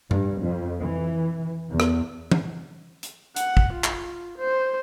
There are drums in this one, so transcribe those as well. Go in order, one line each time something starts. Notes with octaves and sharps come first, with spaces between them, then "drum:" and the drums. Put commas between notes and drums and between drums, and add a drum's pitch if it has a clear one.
G2, drum: tom G2
F2
E3
E2
drum: rim click
drum: tom
drum: hi-hat
F#5, drum: hi-hat
drum: kick
F4
drum: clap
C5